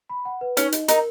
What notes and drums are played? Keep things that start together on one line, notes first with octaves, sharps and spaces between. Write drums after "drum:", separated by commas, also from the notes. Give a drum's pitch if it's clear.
B5
F#5
B4
C#4 D#4, drum: hi-hat
D#5, drum: hi-hat
D#4 A#4, drum: hi-hat